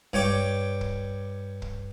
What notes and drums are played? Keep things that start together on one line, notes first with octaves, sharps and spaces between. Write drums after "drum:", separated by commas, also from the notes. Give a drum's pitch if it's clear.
G2 C#5 G5 D6, drum: kick
drum: kick
drum: kick